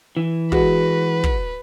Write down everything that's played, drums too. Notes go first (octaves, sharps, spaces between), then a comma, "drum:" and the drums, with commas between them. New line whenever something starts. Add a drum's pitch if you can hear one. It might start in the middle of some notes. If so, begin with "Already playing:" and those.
E3
G#3 F#4 B4, drum: kick
drum: kick